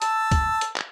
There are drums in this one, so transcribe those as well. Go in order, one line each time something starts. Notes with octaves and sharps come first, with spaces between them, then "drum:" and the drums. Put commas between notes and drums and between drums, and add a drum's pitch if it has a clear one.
A5 E6, drum: hi-hat
drum: kick, hi-hat
drum: hi-hat
drum: clap